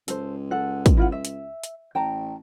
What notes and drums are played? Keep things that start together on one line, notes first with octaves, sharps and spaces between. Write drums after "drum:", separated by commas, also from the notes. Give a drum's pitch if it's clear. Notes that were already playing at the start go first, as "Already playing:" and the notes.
C#2 A4 C5, drum: hi-hat
A4 F#5
drum: kick, hi-hat
E4 F4 F#5
E5
drum: hi-hat
drum: hi-hat
A1 G5 A5 A#5